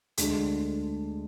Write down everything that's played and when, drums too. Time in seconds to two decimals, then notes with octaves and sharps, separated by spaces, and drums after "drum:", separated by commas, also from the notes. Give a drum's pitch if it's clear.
0.17 D2 D3 G#3 D4 G#4, drum: hi-hat